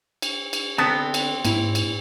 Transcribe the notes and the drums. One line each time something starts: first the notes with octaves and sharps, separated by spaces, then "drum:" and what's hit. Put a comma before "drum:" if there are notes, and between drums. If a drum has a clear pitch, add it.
drum: cymbal
drum: cymbal
D3 B3 C4 A5 A#5
drum: cymbal
G#2 A#3 E4, drum: cymbal
drum: cymbal